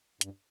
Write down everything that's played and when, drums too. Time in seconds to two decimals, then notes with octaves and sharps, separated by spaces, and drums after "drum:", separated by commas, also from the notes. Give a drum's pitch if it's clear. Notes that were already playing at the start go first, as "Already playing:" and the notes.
0.21 G2, drum: hi-hat